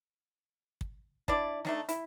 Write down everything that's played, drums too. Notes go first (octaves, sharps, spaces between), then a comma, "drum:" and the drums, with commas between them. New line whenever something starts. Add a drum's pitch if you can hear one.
drum: kick
D4 E4 D5, drum: kick
A3 D4 D#4, drum: snare
E4, drum: hi-hat